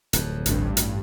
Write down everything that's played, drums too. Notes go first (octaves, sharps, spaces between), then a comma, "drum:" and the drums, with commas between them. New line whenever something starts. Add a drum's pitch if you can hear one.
D1 F2, drum: hi-hat
A1 G2, drum: hi-hat
drum: hi-hat